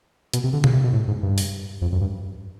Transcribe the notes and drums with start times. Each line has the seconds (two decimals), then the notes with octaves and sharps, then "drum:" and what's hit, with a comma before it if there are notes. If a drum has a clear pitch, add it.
0.33 B2, drum: hi-hat
0.44 C3
0.53 D3
0.64 C#3, drum: tom B2
0.73 C3
0.84 B2
0.93 A2
1.08 G#2
1.23 G2
1.38 drum: open hi-hat
1.82 F2
1.92 F#2
2.01 G2